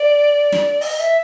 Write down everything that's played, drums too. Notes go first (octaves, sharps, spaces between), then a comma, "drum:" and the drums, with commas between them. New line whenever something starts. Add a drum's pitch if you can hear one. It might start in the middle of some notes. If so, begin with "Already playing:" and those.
Already playing: D5
drum: snare
D#5, drum: open hi-hat
E5